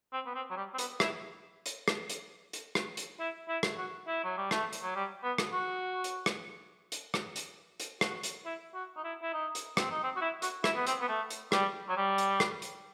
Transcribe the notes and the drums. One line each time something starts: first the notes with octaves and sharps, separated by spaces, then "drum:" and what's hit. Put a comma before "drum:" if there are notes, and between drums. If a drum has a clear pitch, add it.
C4
B3
C4
F#3
G3
C4
B3, drum: hi-hat
E4, drum: rim click
drum: hi-hat
drum: rim click
drum: hi-hat
drum: hi-hat
drum: rim click
drum: hi-hat
E4
E4
drum: rim click
F#4
E4
F#3
G3
A3, drum: rim click
drum: hi-hat
F#3
G3
B3
drum: rim click
F#4
drum: hi-hat
drum: rim click
drum: hi-hat
drum: rim click
drum: hi-hat
drum: hi-hat
F#4, drum: rim click
drum: hi-hat
E4
F#4
D#4
E4
E4
D#4
drum: hi-hat
C4, drum: rim click
D#4
C4
F#4
E4
F#4, drum: hi-hat
E4, drum: rim click
B3
C4, drum: hi-hat
B3
A3
drum: hi-hat
G3, drum: rim click
F#3
G3
drum: hi-hat
drum: rim click
drum: hi-hat